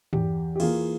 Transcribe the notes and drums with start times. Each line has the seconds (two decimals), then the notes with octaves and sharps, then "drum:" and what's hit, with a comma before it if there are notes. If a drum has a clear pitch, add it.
0.13 E2 G4, drum: tom
0.56 G4
0.60 E3 A#3 F4 G#4, drum: cymbal